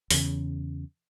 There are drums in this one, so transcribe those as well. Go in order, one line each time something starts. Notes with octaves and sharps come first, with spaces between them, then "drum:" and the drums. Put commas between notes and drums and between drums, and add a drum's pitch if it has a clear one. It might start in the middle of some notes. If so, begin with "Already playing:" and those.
E2 C#3, drum: open hi-hat